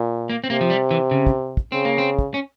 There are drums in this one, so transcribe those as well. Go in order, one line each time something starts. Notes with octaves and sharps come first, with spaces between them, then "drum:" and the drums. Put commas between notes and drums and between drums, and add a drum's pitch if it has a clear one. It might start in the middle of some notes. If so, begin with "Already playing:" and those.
Already playing: A#2
A#3
C4
C3 A#3
F3
G3
E3
C#3
drum: kick
drum: kick
C#3 C4
A#3
C4
drum: kick
C#4